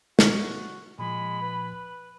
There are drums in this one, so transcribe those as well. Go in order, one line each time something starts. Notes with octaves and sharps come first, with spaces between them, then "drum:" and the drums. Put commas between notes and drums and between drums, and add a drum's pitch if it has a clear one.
F#4, drum: snare
A#2 F3 G#3 B5
B4